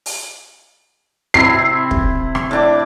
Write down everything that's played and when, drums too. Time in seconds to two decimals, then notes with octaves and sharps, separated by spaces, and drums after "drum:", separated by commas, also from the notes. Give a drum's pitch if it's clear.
0.06 drum: open hi-hat
1.34 C3 C4 E4 C7
1.91 drum: kick
2.35 drum: rim click
2.51 A2 D4 D6